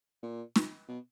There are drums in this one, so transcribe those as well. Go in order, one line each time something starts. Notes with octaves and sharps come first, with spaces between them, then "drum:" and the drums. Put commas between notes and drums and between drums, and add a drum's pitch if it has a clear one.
A#2
drum: snare
B2